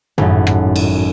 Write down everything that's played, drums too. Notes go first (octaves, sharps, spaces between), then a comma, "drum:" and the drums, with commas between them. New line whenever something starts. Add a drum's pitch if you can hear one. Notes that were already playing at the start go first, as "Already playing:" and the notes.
G#1 F#2 A2, drum: tom
drum: rim click
drum: cymbal